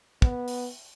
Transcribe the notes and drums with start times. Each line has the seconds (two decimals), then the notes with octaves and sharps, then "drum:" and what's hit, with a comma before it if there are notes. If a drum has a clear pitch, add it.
0.22 B3, drum: kick
0.48 drum: open hi-hat